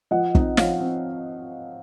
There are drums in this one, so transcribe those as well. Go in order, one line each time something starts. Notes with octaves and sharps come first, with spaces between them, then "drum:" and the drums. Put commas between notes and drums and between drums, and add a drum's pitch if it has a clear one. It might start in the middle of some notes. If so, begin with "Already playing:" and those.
F3 D#5 F#5
C4 D#4, drum: kick
F3 C#5 F5, drum: snare
C4